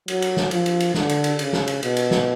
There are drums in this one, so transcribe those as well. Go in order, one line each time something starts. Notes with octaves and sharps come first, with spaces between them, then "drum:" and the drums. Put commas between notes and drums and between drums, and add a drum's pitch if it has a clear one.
F#3, drum: cymbal
drum: cymbal
drum: snare
F3, drum: cymbal
drum: cymbal
drum: cymbal
D3, drum: snare
drum: cymbal
drum: cymbal
C#3, drum: cymbal
drum: snare
drum: cymbal
B2, drum: cymbal
drum: cymbal
drum: snare